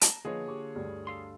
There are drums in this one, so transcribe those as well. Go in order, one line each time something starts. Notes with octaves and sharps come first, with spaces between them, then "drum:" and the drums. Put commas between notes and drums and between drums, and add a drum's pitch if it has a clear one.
A5 A#5 A#6, drum: hi-hat
D3 F3 A#3 F4 G#4 B4 C#5 D#5
G4 C#6 D6
D2 G2 G3
A4 F5 C6